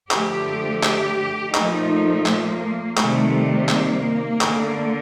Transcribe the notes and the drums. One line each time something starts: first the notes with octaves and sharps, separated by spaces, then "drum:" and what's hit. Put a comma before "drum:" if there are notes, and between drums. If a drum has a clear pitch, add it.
D3 F3 A3 G4, drum: clap
G4, drum: clap
A#2 F3 A3 D#4, drum: clap
A#3, drum: clap
C3 D#3 G3 A3, drum: clap
A#3, drum: clap
D3 A3, drum: clap